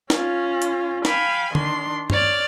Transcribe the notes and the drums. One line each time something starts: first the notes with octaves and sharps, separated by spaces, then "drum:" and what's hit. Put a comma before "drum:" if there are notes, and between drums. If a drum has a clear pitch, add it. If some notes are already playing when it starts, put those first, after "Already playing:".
C#4 F4, drum: snare
drum: hi-hat
F5 G5 G#5 B5, drum: snare
D#3 D4 C6, drum: tom D3
C#5 D5 F6, drum: tom G2